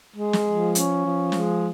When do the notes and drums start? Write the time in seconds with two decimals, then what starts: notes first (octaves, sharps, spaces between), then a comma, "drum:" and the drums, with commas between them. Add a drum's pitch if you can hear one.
0.17 G#3
0.33 drum: snare
0.46 F3
0.75 C#4, drum: hi-hat
1.03 F3
1.32 G#3, drum: snare